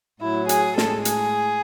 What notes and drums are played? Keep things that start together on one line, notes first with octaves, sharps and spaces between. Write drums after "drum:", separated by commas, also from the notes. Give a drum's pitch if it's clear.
A2 F#3 E4
G#4, drum: hi-hat
A2 G#3 A4, drum: snare
G#4, drum: hi-hat